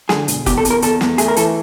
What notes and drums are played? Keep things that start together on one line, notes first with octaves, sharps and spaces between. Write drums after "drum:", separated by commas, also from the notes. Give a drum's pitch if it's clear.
D3 G#4, drum: snare
E1, drum: hi-hat
E2 G4, drum: kick F#1, hi-hat
A4
E2, drum: hi-hat
A#4
E2 A4, drum: hi-hat
E2, drum: snare
A3 G#4, drum: hi-hat
A#4
E3 A4, drum: hi-hat